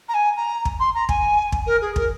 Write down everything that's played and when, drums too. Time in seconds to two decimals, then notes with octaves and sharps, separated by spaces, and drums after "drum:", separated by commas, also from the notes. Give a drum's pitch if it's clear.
0.09 A#5
0.14 G#5
0.37 A#5
0.65 drum: kick
0.80 C6
0.94 A#5
1.09 G#5, drum: kick
1.52 drum: kick
1.66 A#4
1.81 G#4
1.96 A#4, drum: kick